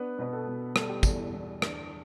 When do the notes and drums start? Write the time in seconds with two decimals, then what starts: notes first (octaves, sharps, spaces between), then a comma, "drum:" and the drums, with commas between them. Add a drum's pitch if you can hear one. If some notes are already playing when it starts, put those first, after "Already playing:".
Already playing: B3 D4 B4
0.19 B2 B4
0.33 A4
0.48 B2
0.76 G3 A4, drum: rim click
0.89 G4
1.03 E2 A4, drum: kick, tambourine
1.34 E2
1.62 D4, drum: rim click